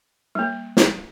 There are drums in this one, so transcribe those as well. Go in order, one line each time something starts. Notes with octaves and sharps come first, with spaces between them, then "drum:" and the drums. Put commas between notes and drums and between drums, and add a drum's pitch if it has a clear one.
G3 A#3
drum: snare